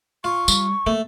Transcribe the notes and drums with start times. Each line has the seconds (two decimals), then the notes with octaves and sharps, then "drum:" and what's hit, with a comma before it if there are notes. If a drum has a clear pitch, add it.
0.24 F4 C#6
0.48 G3, drum: tambourine
0.87 A3 A#3